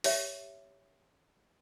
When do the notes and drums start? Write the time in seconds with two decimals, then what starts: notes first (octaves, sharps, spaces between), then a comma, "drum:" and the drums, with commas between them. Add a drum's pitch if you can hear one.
0.04 G4 C#5 E5, drum: open hi-hat